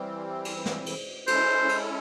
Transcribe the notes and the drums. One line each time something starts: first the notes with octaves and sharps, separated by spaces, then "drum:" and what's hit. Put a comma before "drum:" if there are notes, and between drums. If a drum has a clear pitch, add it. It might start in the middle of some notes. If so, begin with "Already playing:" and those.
Already playing: E3 G3 C4
drum: cymbal
drum: snare
drum: cymbal
G#3 C#4 E4 A4 C5, drum: cymbal
drum: cymbal